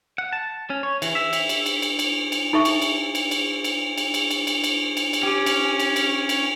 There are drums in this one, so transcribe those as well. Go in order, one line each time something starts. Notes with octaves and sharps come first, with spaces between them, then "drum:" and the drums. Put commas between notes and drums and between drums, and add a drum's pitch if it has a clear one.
F#5
A5
C#4
C#5
E3, drum: cymbal
E5
drum: cymbal
drum: cymbal
drum: cymbal
drum: cymbal
drum: cymbal
drum: cymbal
D#4 A4 E5 C#6
drum: cymbal
drum: cymbal
drum: cymbal
drum: cymbal
drum: cymbal
drum: cymbal
drum: cymbal
drum: cymbal
drum: cymbal
drum: cymbal
drum: cymbal
drum: cymbal
C#4 G4 D6
drum: cymbal
drum: cymbal
drum: cymbal
drum: cymbal